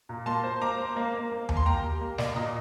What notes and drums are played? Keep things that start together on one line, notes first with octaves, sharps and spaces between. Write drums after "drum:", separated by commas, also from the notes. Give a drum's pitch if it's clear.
A#2
A#3 A5 C6
C5
A#3 A#5 D6
C5
A#3
A#3
A#3
A#3, drum: tom D#2
C6
A#3 G5 A#5
G4
A#3
A#3 D5, drum: snare
A#2 D#5